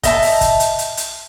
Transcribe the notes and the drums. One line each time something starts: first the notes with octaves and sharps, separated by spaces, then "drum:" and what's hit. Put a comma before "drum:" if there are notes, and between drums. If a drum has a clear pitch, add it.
D#5 E5 A5, drum: kick, hi-hat
drum: open hi-hat
drum: kick, hi-hat
drum: hi-hat
drum: hi-hat
drum: hi-hat